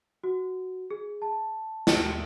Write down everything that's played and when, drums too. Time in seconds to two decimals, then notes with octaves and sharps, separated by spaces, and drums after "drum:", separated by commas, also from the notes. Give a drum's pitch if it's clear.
0.24 F#4
0.90 G#4
1.22 A5
1.87 drum: snare